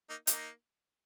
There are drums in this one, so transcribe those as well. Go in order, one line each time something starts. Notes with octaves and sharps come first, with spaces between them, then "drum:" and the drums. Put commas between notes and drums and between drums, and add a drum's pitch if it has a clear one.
A#3 D#4
A#3 D#4, drum: hi-hat